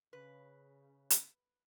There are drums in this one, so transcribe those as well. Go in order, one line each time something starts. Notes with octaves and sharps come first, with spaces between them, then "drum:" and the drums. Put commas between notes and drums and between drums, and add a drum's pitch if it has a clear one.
C#3 B4
drum: hi-hat